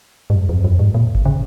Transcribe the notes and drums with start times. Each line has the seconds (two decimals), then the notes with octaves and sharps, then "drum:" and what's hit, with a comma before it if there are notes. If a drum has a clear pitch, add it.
0.30 G#2
0.35 F#2
0.49 F2
0.64 F#2
0.79 G#2
0.94 A#2
1.15 drum: kick G1
1.25 C#3